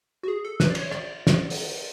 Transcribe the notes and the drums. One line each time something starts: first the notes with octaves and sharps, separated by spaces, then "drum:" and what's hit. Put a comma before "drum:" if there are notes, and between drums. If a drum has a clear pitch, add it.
F#4
G#4
A4
B4, drum: snare
D5
C#5, drum: cymbal
D5, drum: rim click
drum: snare
drum: open hi-hat